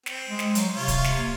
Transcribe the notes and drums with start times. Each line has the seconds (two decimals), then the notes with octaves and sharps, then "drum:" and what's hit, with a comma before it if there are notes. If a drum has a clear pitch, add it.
0.06 C4, drum: snare
0.28 G#3
0.39 drum: snare
0.55 F#3, drum: hi-hat
0.75 C3 F4 C#5
0.88 drum: kick D1, hi-hat
1.04 drum: snare
1.17 A#3